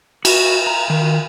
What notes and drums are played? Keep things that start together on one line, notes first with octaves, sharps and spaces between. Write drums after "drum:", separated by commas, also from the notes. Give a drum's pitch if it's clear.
F#4, drum: cymbal
A#5
D#3